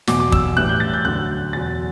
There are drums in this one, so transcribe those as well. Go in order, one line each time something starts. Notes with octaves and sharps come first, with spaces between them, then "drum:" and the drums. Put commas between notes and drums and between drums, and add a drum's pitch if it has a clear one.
E2 B2 F#3 D6, drum: snare
D6
E6, drum: kick
A2 E3 G3 F#6
G6
A6
G6
D2 D3 F#3 F#6
E2 B2 F#3 A6